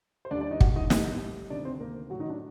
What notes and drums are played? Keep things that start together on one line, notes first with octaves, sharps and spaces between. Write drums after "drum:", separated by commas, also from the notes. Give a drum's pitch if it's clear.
C5
D#2 D3 G3 D4 D5
D4 D5
D#4 D#5
F#4 F#5, drum: kick
D#4 D#5
A2 G3 D#4 D#5, drum: snare
D2 C3 D#3 D4 D5
C4 C5
A#3 A#4
A2 F#3 A3 F#4
D#3 D#4
D4